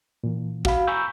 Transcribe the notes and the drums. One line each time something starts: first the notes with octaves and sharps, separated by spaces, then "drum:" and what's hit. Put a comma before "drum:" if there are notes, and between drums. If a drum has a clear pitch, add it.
A#2 E3
F#4 F5 B5, drum: kick
G#5 A#5 B5 C#6 E6 G6